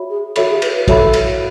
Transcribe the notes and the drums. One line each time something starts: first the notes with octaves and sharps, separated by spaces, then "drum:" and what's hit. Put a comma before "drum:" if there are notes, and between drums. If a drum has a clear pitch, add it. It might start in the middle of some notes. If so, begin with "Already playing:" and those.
Already playing: F#4 C#5 E5 B5
G#4
F#4 A4 C#5 E5 B5, drum: cymbal
G#4
B4, drum: cymbal
B4
F#4 A4 C#5 E5 B5, drum: kick, cymbal
drum: cymbal